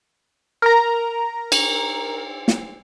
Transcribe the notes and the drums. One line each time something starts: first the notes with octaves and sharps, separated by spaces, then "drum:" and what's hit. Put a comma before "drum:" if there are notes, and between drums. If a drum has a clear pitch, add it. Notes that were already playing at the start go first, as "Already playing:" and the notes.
A#4 A#5
drum: cymbal
drum: snare